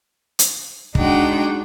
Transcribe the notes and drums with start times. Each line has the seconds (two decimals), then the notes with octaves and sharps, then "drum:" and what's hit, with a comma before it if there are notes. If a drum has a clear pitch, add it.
0.39 drum: hi-hat
0.95 G#3 D4 D#4 F#4 F#5 G5, drum: kick